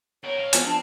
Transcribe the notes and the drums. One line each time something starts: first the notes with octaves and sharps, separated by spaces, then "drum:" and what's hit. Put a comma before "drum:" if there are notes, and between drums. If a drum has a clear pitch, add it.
B2 A#4 C#5
A2 F5
F3 B3 G#5, drum: hi-hat
C4 D4 A5